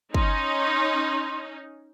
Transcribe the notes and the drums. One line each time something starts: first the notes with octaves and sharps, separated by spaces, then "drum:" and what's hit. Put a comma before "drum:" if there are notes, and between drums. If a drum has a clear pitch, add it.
C#4 D#4 C6, drum: kick